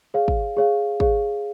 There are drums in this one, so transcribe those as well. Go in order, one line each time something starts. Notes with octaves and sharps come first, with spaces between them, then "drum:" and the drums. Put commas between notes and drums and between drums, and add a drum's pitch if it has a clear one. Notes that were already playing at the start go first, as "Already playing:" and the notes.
G#4 C#5 F5
drum: kick
G#4 C#5 F5
G#4 C#5 F5, drum: kick